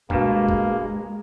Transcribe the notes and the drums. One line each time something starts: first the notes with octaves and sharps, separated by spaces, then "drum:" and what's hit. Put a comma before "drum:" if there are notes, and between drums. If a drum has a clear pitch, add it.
G2 B2 G#3 A#3, drum: kick
drum: kick